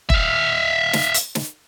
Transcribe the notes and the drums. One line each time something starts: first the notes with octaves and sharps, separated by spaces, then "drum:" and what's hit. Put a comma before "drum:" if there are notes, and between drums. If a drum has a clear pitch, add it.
E5 F5, drum: kick
drum: snare
drum: hi-hat
drum: snare